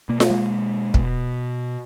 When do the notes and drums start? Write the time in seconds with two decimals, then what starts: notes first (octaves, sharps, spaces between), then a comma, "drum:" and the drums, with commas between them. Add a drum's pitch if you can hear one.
0.09 B2 A#3
0.20 A3, drum: snare F4
0.30 G#3 A#3
0.94 B2, drum: kick